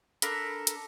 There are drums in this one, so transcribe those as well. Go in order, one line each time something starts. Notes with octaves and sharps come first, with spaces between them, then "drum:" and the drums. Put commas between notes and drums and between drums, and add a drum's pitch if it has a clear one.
D4 A4 A#4 B5, drum: hi-hat
drum: hi-hat